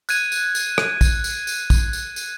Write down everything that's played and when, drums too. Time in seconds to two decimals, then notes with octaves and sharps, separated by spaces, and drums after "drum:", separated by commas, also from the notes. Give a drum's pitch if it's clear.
0.09 F#6 G#6 D#7, drum: tambourine
0.32 drum: tambourine
0.55 drum: tambourine
0.78 drum: rim click
1.01 drum: kick, tambourine
1.24 drum: tambourine
1.47 drum: tambourine
1.70 drum: kick, tambourine
1.93 drum: tambourine
2.16 drum: tambourine